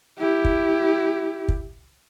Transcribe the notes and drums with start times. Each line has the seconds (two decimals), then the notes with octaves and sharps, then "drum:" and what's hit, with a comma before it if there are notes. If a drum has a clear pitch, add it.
0.19 E4 G4
0.45 drum: kick
1.48 drum: kick